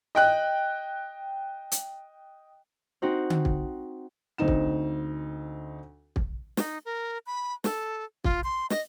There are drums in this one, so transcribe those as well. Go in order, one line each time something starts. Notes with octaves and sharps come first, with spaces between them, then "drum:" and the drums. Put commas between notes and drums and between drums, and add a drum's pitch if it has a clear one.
D#5 G5 F#6
drum: hi-hat
C4 D#4 F#4 C5
drum: tom D3
drum: kick
D2 C4 D#4 E7
drum: kick
drum: kick
D#4, drum: snare
A#4
B5
A4, drum: snare
F4, drum: kick
C6
D#5, drum: snare